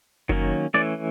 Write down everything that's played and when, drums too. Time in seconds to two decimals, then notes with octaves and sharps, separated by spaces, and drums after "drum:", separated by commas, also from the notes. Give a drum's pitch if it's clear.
0.29 D#3 F#3 A#3 C#4, drum: kick F#1
0.74 E3 A3 C#4 D5